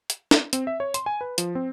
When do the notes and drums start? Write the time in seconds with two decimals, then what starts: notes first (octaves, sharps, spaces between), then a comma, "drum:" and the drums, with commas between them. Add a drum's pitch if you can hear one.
0.10 drum: hi-hat
0.31 drum: snare
0.53 C4, drum: hi-hat
0.67 E5
0.80 C#5
0.94 C6, drum: hi-hat
1.06 G#5
1.21 B4
1.38 F3, drum: hi-hat
1.55 C4